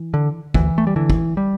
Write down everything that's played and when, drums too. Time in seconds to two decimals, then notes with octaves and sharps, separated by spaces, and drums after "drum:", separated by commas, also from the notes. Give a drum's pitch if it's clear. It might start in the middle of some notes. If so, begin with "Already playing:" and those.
Already playing: E3
0.14 D3
0.54 D2 E3, drum: kick
0.78 A3
0.87 G3
0.96 D3 E3
1.10 drum: kick
1.37 G3